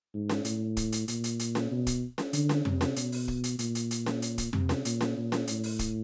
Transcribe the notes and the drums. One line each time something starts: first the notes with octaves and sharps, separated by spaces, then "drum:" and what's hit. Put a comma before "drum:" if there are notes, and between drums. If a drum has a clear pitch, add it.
G#2
drum: snare C#4
A2, drum: hi-hat
drum: kick, hi-hat
drum: hi-hat
A#2, drum: hi-hat
drum: hi-hat
drum: hi-hat
drum: snare C#4
B2
drum: kick, hi-hat
drum: snare C#4
D3, drum: hi-hat
drum: snare C#4
C3, drum: tom F2
drum: snare C#4
B2, drum: hi-hat
drum: open hi-hat
drum: kick
drum: hi-hat
A#2, drum: hi-hat
drum: hi-hat
drum: hi-hat
drum: snare C#4
drum: hi-hat
drum: kick, hi-hat
C3, drum: tom F2
drum: snare C#4
A#2, drum: hi-hat
drum: snare C#4
A#2
drum: snare C#4
A2, drum: hi-hat
drum: open hi-hat
drum: kick, hi-hat